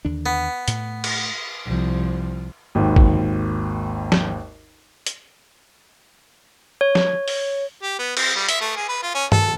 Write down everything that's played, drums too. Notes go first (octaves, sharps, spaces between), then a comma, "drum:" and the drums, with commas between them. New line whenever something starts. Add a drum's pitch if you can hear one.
D#2 D3 D4
B3
A2, drum: hi-hat
drum: cymbal
C2 F3
G#1 D#2
drum: kick
drum: snare
drum: hi-hat
C#5
drum: snare
drum: open hi-hat
G4
B3
C4, drum: cymbal
G3
E5, drum: hi-hat
A3
G#4
B4
F4
C#4
A4, drum: tom